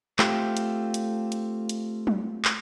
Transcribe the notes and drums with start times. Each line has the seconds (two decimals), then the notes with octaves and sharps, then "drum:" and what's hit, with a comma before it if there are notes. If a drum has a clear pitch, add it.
0.19 A3 C4 F4 G4, drum: clap
0.57 drum: hi-hat
0.94 drum: hi-hat
1.32 drum: hi-hat
1.69 drum: hi-hat
2.07 drum: tom
2.45 drum: clap